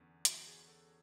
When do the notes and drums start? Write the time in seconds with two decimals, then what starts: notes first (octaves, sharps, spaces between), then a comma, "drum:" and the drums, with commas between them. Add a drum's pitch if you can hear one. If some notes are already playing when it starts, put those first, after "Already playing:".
Already playing: E2 D3 C#4
0.25 F#4, drum: hi-hat
0.47 G#4
0.68 A4